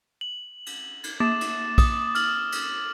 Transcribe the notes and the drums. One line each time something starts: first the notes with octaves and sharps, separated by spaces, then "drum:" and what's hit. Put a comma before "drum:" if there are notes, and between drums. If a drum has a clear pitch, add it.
F#7
drum: cymbal
drum: cymbal
A#3 D6 A6 E7
drum: cymbal
D#6, drum: kick, cymbal
F6 F#7, drum: cymbal
drum: cymbal